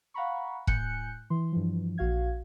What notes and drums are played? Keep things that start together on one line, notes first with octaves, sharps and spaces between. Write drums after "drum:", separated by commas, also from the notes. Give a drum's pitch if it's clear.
F5 F#5 A#5 B5 C#6
A2 G#5 F#6 G6 C#7, drum: kick
E3 C6
G2 E3 F3
A#1 F#4 F5 G#6